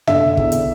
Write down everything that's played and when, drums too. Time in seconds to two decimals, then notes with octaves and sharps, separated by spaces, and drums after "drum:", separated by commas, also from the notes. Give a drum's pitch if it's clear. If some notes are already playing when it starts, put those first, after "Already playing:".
0.07 D3 E5, drum: tom
0.37 E2, drum: kick
0.52 drum: hi-hat